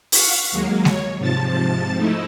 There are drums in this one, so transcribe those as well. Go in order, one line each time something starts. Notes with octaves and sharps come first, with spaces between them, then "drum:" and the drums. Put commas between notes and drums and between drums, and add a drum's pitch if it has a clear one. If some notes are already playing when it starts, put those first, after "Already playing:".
F5 F#5 C#6, drum: open hi-hat
D#2 F#3 G#3 A#3
C#5, drum: snare G#3
G#2 C3 F3 A5 A6
F3 A3 D#4 E4